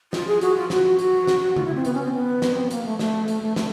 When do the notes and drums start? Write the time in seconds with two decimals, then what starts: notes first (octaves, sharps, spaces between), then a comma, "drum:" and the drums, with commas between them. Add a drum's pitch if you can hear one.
0.13 F4, drum: snare
0.27 G#4
0.41 F#4, drum: hi-hat
0.56 F4
0.70 F#4, drum: snare
0.99 F#4, drum: hi-hat
1.27 drum: snare
1.56 F4, drum: tom C#3
1.65 E4
1.75 C4
1.85 B3, drum: hi-hat
1.94 C#4
2.04 C4
2.13 B3
2.42 drum: snare
2.54 C4
2.63 B3
2.71 A#3, drum: hi-hat
2.85 A3
2.99 A3, drum: snare
3.28 A3, drum: hi-hat
3.42 A3
3.56 A3, drum: snare